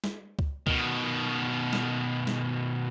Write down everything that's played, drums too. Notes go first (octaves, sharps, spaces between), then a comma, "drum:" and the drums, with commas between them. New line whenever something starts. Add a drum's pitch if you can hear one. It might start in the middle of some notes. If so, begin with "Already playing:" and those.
drum: snare
drum: kick C#2
B2 D#3, drum: kick C#2
drum: snare
drum: snare